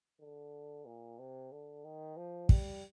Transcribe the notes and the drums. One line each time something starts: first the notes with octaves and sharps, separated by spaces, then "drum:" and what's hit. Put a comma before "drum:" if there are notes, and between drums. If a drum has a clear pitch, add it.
D3
A#2
C3
D3
D#3
F3
G3, drum: kick